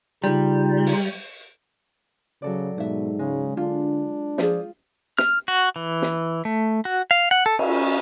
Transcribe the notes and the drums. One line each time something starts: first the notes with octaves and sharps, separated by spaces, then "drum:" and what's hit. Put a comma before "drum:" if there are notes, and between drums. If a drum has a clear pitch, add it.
C#3 G3 D#4 F4
drum: open hi-hat
C#3 F#3 A4 D5
G#2 B2 B4 E5
C#3 G#3
D3 D4 F4
F3 F4 G#4 C5 D5, drum: snare
F6, drum: snare
F#4
E3
drum: snare
A3
F#4
F5
F#5
A4
C#4, drum: cymbal